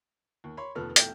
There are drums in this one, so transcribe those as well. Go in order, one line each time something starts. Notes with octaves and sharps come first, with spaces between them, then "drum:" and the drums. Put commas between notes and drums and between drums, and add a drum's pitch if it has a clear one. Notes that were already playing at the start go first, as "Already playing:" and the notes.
D#2
C#5 B5 C6
F1 D#2 F3 A4 B4 F6
B1 E2 A3 G5 G6, drum: hi-hat